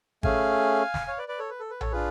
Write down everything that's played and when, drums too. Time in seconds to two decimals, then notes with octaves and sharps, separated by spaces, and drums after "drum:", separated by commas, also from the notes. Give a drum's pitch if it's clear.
0.23 A3 C#4 G#4 F5 G#5, drum: kick G#1
0.94 drum: snare
1.07 C#5 F5
1.18 B4 D5
1.28 B4 D5
1.39 A4 C#5
1.50 B4
1.60 A4
1.70 B4
1.81 A4 C#5, drum: tom A#1
1.91 D4 F4 G#4 B4